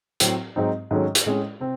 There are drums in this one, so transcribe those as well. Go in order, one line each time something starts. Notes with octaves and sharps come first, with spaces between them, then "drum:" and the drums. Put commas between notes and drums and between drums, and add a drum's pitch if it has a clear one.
A2 F#3 C4, drum: hi-hat
G#2 F#3 C4 D#4
G#2 D#3 F#3 A3 C#4
drum: hi-hat
A2 G#3 C#4
C3 C4